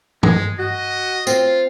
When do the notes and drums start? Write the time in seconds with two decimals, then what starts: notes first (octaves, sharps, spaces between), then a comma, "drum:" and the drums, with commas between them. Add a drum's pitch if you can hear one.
0.23 G#3, drum: tom
0.59 F#4 D#5
1.27 C4 F4, drum: tambourine